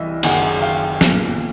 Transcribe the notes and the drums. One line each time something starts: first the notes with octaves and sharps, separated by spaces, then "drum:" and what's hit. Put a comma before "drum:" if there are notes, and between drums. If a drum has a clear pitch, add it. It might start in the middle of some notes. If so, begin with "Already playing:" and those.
Already playing: C2 E3 D#5 E5
F#1 F#2 D#3 F#5 G#5, drum: cymbal
F5 G5
B1 A#2, drum: snare